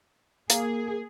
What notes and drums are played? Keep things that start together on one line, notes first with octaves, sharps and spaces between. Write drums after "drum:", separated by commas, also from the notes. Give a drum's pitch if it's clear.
A#3 G#4, drum: hi-hat